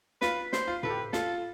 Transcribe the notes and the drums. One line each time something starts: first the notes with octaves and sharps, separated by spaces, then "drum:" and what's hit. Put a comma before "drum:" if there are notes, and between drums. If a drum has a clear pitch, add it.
F4 B4, drum: snare
C5, drum: snare
F4
A4 B4, drum: tom A2
G4
F4 A4, drum: snare